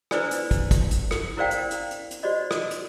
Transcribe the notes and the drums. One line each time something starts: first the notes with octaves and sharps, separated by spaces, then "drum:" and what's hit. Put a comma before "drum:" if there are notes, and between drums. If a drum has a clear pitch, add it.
D4 E4 B4 C5 D5 G#5, drum: rim click
drum: hi-hat
drum: kick, hi-hat
drum: kick, hi-hat
drum: hi-hat
drum: rim click
E4 A#4 C5 D5 F5 G5
drum: hi-hat
drum: hi-hat
drum: hi-hat
drum: hi-hat
F#4 C5 D5 D#5
drum: rim click
drum: hi-hat